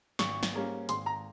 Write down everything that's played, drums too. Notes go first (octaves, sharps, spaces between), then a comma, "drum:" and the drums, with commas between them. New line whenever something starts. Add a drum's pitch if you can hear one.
G#1 C#6, drum: snare
drum: snare
G#2 G3 A#3 C#4
G#1 C6, drum: hi-hat
A#5